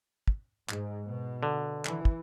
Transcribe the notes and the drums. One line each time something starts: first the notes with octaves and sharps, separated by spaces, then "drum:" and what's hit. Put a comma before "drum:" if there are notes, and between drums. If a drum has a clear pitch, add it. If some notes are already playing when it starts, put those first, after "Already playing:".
drum: kick
G#2, drum: clap
B2
D3
E3, drum: clap
drum: kick